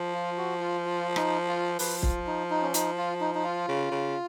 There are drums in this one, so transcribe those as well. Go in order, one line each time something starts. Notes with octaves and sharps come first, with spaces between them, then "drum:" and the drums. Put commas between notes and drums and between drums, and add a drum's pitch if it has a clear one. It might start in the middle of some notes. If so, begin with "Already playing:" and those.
Already playing: F3
F4
F#4
F4
F4
D#4, drum: rim click
F4
F3 B4, drum: open hi-hat
F4, drum: kick
D#4
D#4
C#4
D#4, drum: hi-hat
F4
D#4
D#4
F4
C#3
C#3